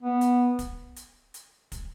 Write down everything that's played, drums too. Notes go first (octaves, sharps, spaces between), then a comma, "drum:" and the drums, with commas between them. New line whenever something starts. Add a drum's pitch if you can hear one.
B3
drum: hi-hat
drum: kick, hi-hat
drum: hi-hat
drum: hi-hat
drum: kick, hi-hat